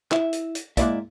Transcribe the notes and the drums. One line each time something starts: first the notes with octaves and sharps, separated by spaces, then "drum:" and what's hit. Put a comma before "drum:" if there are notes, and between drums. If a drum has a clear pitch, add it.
E4 E5, drum: clap
drum: hi-hat
drum: hi-hat
G#3 A#3 C4 E4 D5 E5, drum: kick, hi-hat